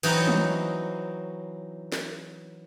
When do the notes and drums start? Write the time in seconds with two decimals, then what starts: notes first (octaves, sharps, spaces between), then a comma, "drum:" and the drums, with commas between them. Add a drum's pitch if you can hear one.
0.03 E3 F#3 C4 D#4 F#4 C#5, drum: cymbal
0.27 drum: tom F#3
1.92 drum: snare